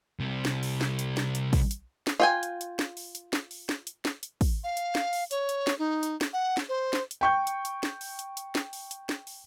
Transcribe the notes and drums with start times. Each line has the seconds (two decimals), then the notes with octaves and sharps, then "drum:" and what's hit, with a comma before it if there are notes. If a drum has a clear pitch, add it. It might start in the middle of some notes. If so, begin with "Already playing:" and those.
0.20 C2 C3
0.45 drum: snare
0.63 drum: open hi-hat
0.81 drum: snare
0.99 drum: hi-hat
1.17 drum: snare
1.35 drum: hi-hat
1.53 drum: kick, open hi-hat
1.71 drum: hi-hat
2.07 drum: snare
2.20 F4 G5 G#5
2.43 drum: hi-hat
2.61 drum: hi-hat
2.79 drum: snare
2.97 drum: open hi-hat
3.15 drum: hi-hat
3.33 drum: snare
3.51 drum: open hi-hat
3.69 drum: snare
3.87 drum: hi-hat
4.05 drum: snare
4.23 drum: hi-hat
4.41 drum: kick, open hi-hat
4.64 F5
4.77 drum: hi-hat
4.95 drum: snare
5.13 drum: open hi-hat
5.31 C#5, drum: hi-hat
5.49 drum: hi-hat
5.67 drum: snare
5.79 D#4
6.03 drum: hi-hat
6.21 drum: snare
6.33 F#5
6.57 drum: snare
6.69 C5
6.93 drum: snare
7.11 drum: hi-hat
7.21 G5 C#6 G6
7.47 drum: hi-hat
7.65 drum: hi-hat
7.83 drum: snare
8.01 drum: open hi-hat
8.19 drum: hi-hat
8.37 drum: hi-hat
8.55 drum: snare
8.73 drum: open hi-hat
8.91 drum: hi-hat
9.09 drum: snare
9.27 drum: open hi-hat